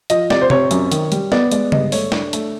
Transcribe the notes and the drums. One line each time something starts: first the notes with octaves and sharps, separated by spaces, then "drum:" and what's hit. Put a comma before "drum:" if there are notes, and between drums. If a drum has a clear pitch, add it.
F3 D#5, drum: hi-hat
C3 D5, drum: snare
C5
C3 C#5, drum: tom C3
F#2, drum: hi-hat
D#3, drum: hi-hat
G3, drum: hi-hat
B3 D5, drum: snare
G#3 D5, drum: hi-hat
G2 D#5, drum: tom C#3
A3 C#5, drum: open hi-hat
D4, drum: snare
A3, drum: hi-hat